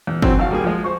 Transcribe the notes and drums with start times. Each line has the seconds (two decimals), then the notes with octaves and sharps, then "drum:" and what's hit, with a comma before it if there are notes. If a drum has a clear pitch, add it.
0.07 E2
0.22 E3 F#3 C4, drum: kick G1
0.39 G#1 F#4 F5
0.51 G3 A#3 G#4
0.64 F3 G#3
0.84 C5 C#6